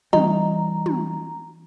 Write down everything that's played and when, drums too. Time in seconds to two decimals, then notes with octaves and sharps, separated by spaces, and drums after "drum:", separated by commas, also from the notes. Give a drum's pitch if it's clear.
0.13 E3 G3 D#4 A#5, drum: tom
0.86 drum: tom